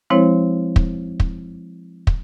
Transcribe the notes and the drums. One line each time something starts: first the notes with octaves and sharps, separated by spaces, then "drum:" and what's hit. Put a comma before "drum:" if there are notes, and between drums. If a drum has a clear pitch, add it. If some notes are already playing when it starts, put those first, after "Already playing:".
F3 G#3 C4 E4 C5 C#5
drum: kick
drum: kick
drum: kick